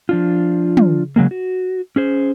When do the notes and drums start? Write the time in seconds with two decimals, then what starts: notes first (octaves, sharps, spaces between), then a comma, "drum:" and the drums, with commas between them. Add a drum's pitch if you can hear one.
0.09 F3 D4 F4
0.77 drum: tom
1.16 C#3 F#3 G#3 A#3
1.31 F#4
1.96 C#4 G#4 C5